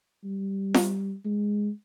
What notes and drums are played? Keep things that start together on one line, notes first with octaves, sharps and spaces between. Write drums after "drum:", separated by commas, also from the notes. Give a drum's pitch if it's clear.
G3
drum: snare
G#3